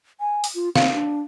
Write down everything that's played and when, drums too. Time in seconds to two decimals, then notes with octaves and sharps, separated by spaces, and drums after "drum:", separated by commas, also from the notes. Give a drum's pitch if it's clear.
0.20 G#5
0.44 drum: open hi-hat
0.55 F4
0.76 C4 F5, drum: snare
0.94 D4